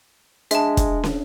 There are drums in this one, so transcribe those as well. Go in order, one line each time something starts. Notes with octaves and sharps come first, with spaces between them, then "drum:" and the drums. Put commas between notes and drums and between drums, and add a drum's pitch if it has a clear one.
G#3 D4 E5 A5, drum: hi-hat
drum: kick, hi-hat
drum: snare